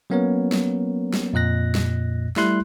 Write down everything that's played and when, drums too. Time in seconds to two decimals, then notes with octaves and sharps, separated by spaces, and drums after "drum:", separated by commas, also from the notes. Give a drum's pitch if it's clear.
0.10 F#3 A#3 B3 C#4 A#4 C#5
0.52 drum: snare
1.14 drum: snare
1.33 F2 A#2 D#5 F#6 A#6
1.75 drum: snare
2.36 G3 A3 E4 C6 F#6, drum: snare